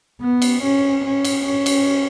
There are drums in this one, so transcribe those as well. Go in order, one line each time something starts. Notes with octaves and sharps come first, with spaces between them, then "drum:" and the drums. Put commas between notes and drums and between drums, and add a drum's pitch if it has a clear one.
B3
drum: cymbal
C#4
C#4
drum: cymbal
C#4
drum: cymbal